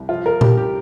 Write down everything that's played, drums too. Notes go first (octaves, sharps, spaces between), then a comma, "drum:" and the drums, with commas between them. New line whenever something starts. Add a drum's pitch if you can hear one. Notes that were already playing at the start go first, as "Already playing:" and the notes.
Already playing: C2
F3 F4
A#4
C2 G4, drum: tom A#2
G4